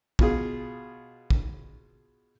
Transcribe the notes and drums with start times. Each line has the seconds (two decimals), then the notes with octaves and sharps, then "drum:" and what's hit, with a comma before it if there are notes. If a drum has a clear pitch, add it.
0.19 B2 F4 G#4, drum: kick
1.30 drum: kick